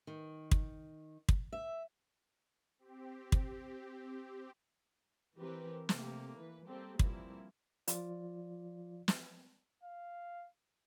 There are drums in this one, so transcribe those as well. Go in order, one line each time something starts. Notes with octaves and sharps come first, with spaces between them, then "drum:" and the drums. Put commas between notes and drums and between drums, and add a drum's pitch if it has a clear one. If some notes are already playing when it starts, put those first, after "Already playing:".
D#3
drum: kick
drum: kick
E5
C4 G4
drum: kick
E3 C4 G4 A#4 B4
C3 A3 A#3 G4, drum: snare
E3 B4
G3 A#3 C4 G4 A4
E3 F3 G3 A#3 C4 E4, drum: kick
F3 F4 D5, drum: hi-hat
drum: snare
F5